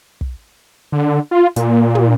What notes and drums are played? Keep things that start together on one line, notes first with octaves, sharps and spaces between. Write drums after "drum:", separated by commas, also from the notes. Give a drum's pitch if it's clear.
drum: kick
D3
F4
A#2, drum: hi-hat
drum: tom